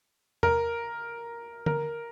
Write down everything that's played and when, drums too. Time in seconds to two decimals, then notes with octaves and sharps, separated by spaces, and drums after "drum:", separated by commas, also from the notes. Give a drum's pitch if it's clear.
0.43 A#4, drum: tom E2
1.66 A#4, drum: tom D3